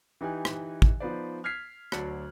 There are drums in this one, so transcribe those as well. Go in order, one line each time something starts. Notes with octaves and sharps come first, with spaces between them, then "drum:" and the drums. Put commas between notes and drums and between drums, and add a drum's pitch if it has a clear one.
E3 D#4 G4 G#5 F#6
drum: rim click
drum: kick
F3 B3 D#4 B4 C5 D5
F6 G#6 B6 C7 F7
D2 F#3 D5 A5 F#6 C#7, drum: rim click